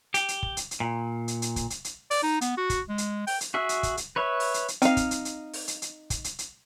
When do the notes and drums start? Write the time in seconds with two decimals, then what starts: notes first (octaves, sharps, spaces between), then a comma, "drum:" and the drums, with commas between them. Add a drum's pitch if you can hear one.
0.14 G4, drum: hi-hat
0.28 drum: hi-hat
0.43 drum: kick
0.57 drum: hi-hat
0.71 drum: hi-hat
0.80 A#2
1.28 drum: hi-hat
1.42 drum: hi-hat
1.56 drum: kick, hi-hat
1.70 drum: hi-hat
1.84 drum: hi-hat
2.11 D5, drum: open hi-hat
2.23 D#4
2.41 B3, drum: hi-hat
2.57 F#4
2.70 drum: kick, hi-hat
2.89 G#3
2.98 drum: hi-hat
3.27 G5, drum: open hi-hat
3.41 drum: hi-hat
3.54 F#4 G#4 E5
3.69 drum: hi-hat
3.83 drum: kick, hi-hat
3.97 drum: hi-hat
4.16 B4 C#5 E5
4.40 drum: open hi-hat
4.54 drum: hi-hat
4.68 drum: hi-hat
4.82 C4 D#4 F5, drum: hi-hat
4.97 drum: kick, hi-hat
5.11 drum: hi-hat
5.25 drum: hi-hat
5.53 drum: open hi-hat
5.68 drum: hi-hat
5.82 drum: hi-hat
6.10 drum: kick, hi-hat
6.24 drum: hi-hat
6.39 drum: hi-hat